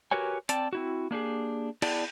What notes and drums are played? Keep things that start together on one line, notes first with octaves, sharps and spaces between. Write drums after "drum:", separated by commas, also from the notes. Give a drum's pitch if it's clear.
F#4 G4 A#4 B4 C#5 G#5
C4 D5 G5 A5, drum: hi-hat
C4 E4 F#4
A#3 D4 G4 G#4
B3 E4 G#4 D5 G5 A5, drum: cymbal